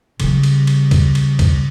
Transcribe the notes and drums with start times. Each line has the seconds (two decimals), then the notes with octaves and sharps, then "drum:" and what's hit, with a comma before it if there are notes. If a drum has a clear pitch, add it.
0.20 C#3 G3, drum: cymbal
0.43 drum: cymbal
0.67 drum: cymbal
0.91 drum: kick, cymbal
1.15 drum: cymbal
1.39 drum: kick, cymbal